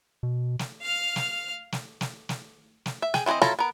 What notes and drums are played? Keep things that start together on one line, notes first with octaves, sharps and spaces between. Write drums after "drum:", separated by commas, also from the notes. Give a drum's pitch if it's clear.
B2
drum: snare
F5 F6
drum: snare
drum: snare
drum: snare
drum: snare
drum: snare
E5
G#4 G5, drum: snare
E3 C4 G#4 C5 D#5
F#3 E4 F4 A4 A#5, drum: snare
B3 A#4